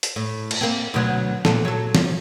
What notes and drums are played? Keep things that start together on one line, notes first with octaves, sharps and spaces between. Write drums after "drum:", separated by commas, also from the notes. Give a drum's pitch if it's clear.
drum: hi-hat
A2
drum: cymbal
A#3 C4
D2 B2 F#3
A#2 A4, drum: snare
F#3 A4
drum: snare